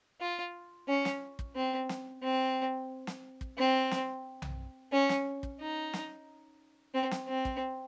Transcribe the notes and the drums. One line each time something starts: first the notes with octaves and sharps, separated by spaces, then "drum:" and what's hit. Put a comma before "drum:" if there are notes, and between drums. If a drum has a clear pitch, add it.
F4
C#4
drum: snare
drum: kick
C4
drum: snare
C4
drum: snare
drum: kick
C4
drum: snare
drum: tom B1
C#4
drum: snare
drum: kick
D#4
drum: snare
C4
drum: snare
C4
drum: kick